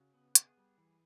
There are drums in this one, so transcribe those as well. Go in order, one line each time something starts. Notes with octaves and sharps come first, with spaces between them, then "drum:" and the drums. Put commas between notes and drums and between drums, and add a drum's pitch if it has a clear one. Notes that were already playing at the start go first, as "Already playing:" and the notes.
Already playing: C#3 F#4
B3
B3 G#4, drum: hi-hat
G3
E3